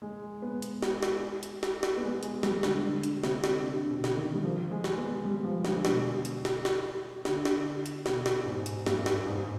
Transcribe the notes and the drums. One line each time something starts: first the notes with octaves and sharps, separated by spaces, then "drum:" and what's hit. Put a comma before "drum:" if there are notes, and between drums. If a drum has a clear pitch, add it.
G#3
B3
drum: hi-hat
drum: snare
drum: snare
drum: hi-hat
drum: snare
drum: snare
B3
G#3
G#3, drum: hi-hat
G3, drum: snare
D3, drum: snare
D3
drum: hi-hat
C3, drum: snare
drum: snare
D3
B2
drum: snare
D#3
G3
F3
G#3
drum: snare
B3
G3
F3
D3, drum: snare
B2, drum: snare
drum: hi-hat
drum: snare
drum: snare
D3, drum: snare
drum: snare
drum: hi-hat
B2, drum: snare
drum: snare
G#2
drum: hi-hat
G2, drum: snare
drum: snare
G#2